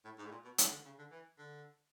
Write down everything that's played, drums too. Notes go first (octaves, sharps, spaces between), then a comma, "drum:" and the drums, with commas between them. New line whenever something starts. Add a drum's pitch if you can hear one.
A2
G#2
A2
A#2
B2
C#3, drum: hi-hat
D3
C#3
D3
E3
D3